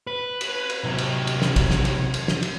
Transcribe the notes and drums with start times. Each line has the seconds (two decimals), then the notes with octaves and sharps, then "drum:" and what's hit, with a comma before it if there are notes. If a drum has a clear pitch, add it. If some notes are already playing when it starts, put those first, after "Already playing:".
0.07 B4
0.41 drum: cymbal
0.70 drum: cymbal
0.84 C3 F#3
0.98 drum: cymbal
1.27 drum: cymbal
1.42 drum: snare
1.56 drum: kick, cymbal
1.71 drum: snare
1.85 drum: cymbal
2.14 drum: cymbal
2.28 drum: snare
2.43 drum: cymbal